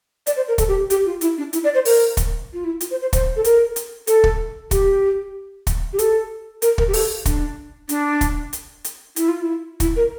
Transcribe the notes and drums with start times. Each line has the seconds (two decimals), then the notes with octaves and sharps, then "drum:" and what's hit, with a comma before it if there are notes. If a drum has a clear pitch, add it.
0.27 D5, drum: hi-hat
0.36 C5
0.48 A#4
0.58 A4, drum: kick, hi-hat
0.68 G4
0.90 G4, drum: hi-hat
1.06 F4
1.21 E4, drum: hi-hat
1.38 D4
1.53 E4, drum: hi-hat
1.64 D5
1.74 C5
1.85 A#4, drum: open hi-hat
2.17 drum: kick, hi-hat
2.53 F4
2.64 E4
2.81 F4, drum: hi-hat
2.91 C5
3.01 C5
3.13 C5, drum: kick, hi-hat
3.36 A4
3.44 A#4, drum: hi-hat
3.76 drum: hi-hat
4.07 A4, drum: hi-hat
4.24 drum: kick
4.71 G4, drum: kick, hi-hat
5.67 drum: kick, hi-hat
5.93 G4
5.99 A4, drum: hi-hat
6.62 A#4, drum: hi-hat
6.78 A#4, drum: kick
6.88 G4
6.93 A4, drum: open hi-hat
7.25 D4, drum: kick, hi-hat
7.89 D4, drum: hi-hat
8.21 drum: kick, hi-hat
8.53 drum: hi-hat
8.84 drum: hi-hat
9.16 E4, drum: hi-hat
9.29 F4
9.42 E4
9.80 E4, drum: kick, hi-hat
9.96 A#4